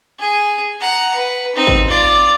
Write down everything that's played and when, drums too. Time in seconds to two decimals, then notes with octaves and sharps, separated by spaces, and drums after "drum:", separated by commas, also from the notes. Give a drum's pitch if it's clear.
0.19 G#4 G#5
0.81 F#5 A#5
1.15 B4
1.55 C4 D#4
1.67 drum: kick G#1
1.88 F4 D5